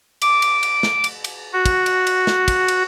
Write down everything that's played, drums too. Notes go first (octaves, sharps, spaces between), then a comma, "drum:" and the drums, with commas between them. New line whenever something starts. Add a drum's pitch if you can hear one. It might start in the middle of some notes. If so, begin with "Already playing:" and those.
D6, drum: cymbal
drum: cymbal
drum: cymbal
drum: snare
drum: cymbal
drum: cymbal
F#4
drum: kick, cymbal
drum: cymbal
drum: cymbal
drum: snare
drum: kick, cymbal
drum: cymbal